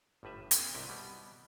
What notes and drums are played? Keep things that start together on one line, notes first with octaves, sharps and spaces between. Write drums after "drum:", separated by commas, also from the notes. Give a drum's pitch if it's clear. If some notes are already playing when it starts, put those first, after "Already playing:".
G1 A2 G3 B4 E5
A3 B3 C#4 F4 G4, drum: hi-hat
C2 C3 E4 G4 D#5 G5
B2 G3 B3